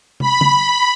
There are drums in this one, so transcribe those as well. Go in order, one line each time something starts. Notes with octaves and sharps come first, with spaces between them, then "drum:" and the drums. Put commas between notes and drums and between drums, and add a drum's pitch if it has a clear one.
B5, drum: tom
drum: tom C#3